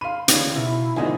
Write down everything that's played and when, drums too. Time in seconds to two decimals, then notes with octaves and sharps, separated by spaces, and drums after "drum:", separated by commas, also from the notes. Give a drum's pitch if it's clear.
0.01 F5 B5 C6 D#7
0.28 D2 C#3 E3 C#4, drum: hi-hat
0.56 B2 D#4 E4
0.96 G#2 B2 D3 D#3 F3 A3 D#5 G#5